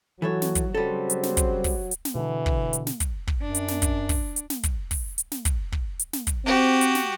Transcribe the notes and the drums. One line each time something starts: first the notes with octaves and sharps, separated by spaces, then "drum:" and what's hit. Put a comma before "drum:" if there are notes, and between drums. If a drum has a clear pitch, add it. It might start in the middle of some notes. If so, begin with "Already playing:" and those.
E3 F#3 A4 C#5
drum: snare
drum: kick, hi-hat
C#3 F#3 G3 C4 A4 C5
drum: hi-hat
drum: snare
drum: kick, hi-hat
drum: kick, open hi-hat
drum: hi-hat
drum: snare
B2 D3 E3
drum: kick
drum: hi-hat
drum: snare
drum: kick, hi-hat
drum: kick
F#2 D4
drum: hi-hat
drum: snare
drum: kick, hi-hat
drum: kick, open hi-hat
drum: hi-hat
drum: snare
drum: kick, hi-hat
drum: kick, open hi-hat
drum: hi-hat
drum: snare
drum: kick, hi-hat
drum: kick
drum: hi-hat
drum: snare
drum: kick, hi-hat
C4 F#4 G4
drum: hi-hat
drum: snare